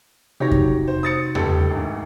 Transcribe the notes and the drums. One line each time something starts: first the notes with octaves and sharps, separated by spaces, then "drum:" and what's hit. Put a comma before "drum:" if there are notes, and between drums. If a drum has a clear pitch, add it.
C3 D#4 F#4 G4 C#5 A#6
drum: kick F2
C5
D#6 A6 C#7
C#2 G4 A4, drum: tom E2
G#1 D2